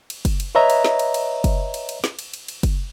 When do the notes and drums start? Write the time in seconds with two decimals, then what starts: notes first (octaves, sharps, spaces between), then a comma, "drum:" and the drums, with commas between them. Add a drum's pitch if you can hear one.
0.10 drum: cymbal
0.25 drum: kick F#1, cymbal
0.40 drum: cymbal
0.55 B4 C#5 D#5 E5 A#5
0.70 drum: cymbal
0.85 drum: snare
0.99 drum: cymbal
1.14 drum: cymbal
1.44 drum: kick F#1, cymbal
1.74 drum: cymbal
1.89 drum: cymbal
2.04 drum: snare
2.19 drum: cymbal
2.34 drum: cymbal
2.48 drum: cymbal
2.63 drum: kick F#1, cymbal